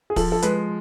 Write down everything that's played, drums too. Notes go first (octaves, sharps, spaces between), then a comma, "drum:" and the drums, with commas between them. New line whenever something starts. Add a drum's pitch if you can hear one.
G#4
F3 A4, drum: kick, open hi-hat
A4
G#3 B4, drum: hi-hat